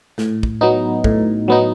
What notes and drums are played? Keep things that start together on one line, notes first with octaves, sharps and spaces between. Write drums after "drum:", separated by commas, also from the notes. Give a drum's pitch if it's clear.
A2, drum: snare
drum: kick
F#3 B3 D#4
A2, drum: kick
F#3 B3 D#4